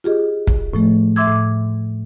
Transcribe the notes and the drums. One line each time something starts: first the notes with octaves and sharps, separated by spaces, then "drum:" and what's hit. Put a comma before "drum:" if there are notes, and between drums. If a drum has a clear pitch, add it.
F4 G4 G#4 D#5
drum: kick
A2 F3 A3
E5 C6 D6 E6 G#6
A2